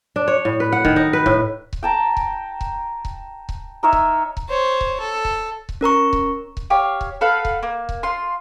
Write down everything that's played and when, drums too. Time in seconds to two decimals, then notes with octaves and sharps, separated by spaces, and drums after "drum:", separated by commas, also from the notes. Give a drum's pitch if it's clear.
0.16 D4
0.28 C#5
0.45 A2
0.60 B4
0.72 F#5
0.85 D#3, drum: kick C#1
0.96 D#4
1.13 B4
1.26 A2, drum: kick C#1
1.73 drum: kick C#1
1.83 G5 A5 A#5
2.17 drum: kick C#1
2.61 drum: kick C#1
3.05 drum: kick C#1
3.49 drum: kick C#1
3.83 D#4 A#4 C#5 E5
3.93 drum: kick C#1
4.37 drum: kick C#1
4.49 C5 C#5
4.81 drum: kick C#1
5.00 A4
5.25 drum: kick C#1
5.69 drum: kick C#1
5.81 C#4 A#4 A#5 C#6
6.13 drum: kick C#1
6.57 drum: kick C#1
6.70 G4 C#5 F5
7.01 drum: kick C#1
7.21 A4 B4 F5 F#5
7.45 drum: kick C#1
7.63 A#3
7.89 drum: kick C#1
8.03 F4 C6